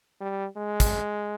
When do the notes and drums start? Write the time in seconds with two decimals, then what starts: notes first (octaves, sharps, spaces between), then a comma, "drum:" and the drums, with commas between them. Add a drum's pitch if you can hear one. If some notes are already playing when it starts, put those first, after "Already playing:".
0.21 G3
0.57 G#3
0.80 drum: kick, hi-hat